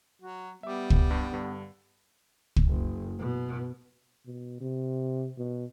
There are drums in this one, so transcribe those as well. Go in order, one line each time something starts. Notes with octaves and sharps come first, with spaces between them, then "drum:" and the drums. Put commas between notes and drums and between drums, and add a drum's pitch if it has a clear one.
F#3 F#4
G3 B3 E5 D6
drum: kick
G2
G2 D3
drum: kick
F#1
B2
B2
C3
B2